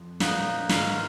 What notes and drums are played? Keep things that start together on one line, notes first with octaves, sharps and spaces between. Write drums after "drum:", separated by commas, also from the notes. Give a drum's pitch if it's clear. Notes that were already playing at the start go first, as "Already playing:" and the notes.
Already playing: F2
A#2 F3 B3 D#4, drum: snare
G#2 D#3 G#3 F5, drum: snare